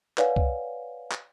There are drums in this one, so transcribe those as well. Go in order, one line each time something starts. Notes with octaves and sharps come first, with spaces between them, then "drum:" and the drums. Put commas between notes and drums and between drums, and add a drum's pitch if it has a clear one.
B4 C#5 D5 F5 F#5 G#5, drum: clap
drum: kick
drum: clap